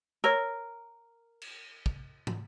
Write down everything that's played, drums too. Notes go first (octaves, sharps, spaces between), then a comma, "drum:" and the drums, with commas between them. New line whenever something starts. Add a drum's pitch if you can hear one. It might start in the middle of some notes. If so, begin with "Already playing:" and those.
A#4 C#5 E6
drum: cymbal
drum: kick
drum: tom